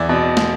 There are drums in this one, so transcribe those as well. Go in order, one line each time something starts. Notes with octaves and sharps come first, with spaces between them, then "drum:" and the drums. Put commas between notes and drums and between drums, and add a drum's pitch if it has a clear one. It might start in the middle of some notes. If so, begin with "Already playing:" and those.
Already playing: E2 D5 E5
B2
drum: snare